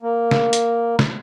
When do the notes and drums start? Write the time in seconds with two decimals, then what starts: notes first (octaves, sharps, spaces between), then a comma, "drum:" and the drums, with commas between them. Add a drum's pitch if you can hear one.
0.03 A#3
0.31 drum: snare
0.53 drum: hi-hat
0.99 drum: snare